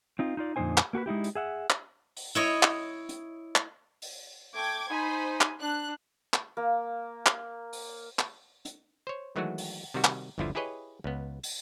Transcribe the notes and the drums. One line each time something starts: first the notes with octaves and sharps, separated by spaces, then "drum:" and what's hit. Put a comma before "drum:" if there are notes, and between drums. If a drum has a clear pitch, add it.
C4 D#4 F4
D#4 F4 D5
F2 A#2 D3 D#4 C5 G#5
drum: clap
A#3 F#4 A4 B4
G#3 D#4 E4 G4
drum: hi-hat
G#4 E5 F#5
drum: clap
drum: open hi-hat
E4 C#5 D#5
drum: clap
drum: hi-hat
drum: clap
drum: open hi-hat
A3 G5 D6 G#6
D#4 C5 G#5 B5
drum: clap
D4 F#6
drum: clap
A#3
drum: clap
drum: open hi-hat
drum: clap
drum: hi-hat
C5 C#5
D#3 E3 F#3 G#3 A3 F#4
drum: open hi-hat
C3 D#3 G3 F#4
drum: clap
G1 D#2 D3 F3 E4 F4
E4 G4 G#4 B4 C#5 D#5
C#2 B3
drum: open hi-hat